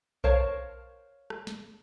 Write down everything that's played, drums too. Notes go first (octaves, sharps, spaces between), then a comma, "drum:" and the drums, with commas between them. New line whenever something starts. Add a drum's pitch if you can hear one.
A#4 C5 C#5 F5 A5, drum: kick B1
drum: rim click
drum: snare